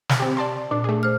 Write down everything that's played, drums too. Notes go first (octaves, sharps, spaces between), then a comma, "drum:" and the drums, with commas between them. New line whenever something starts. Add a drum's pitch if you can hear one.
drum: snare
C4 G4
D5 A5 C6
A#2 D4
A3 G#4
C5 F6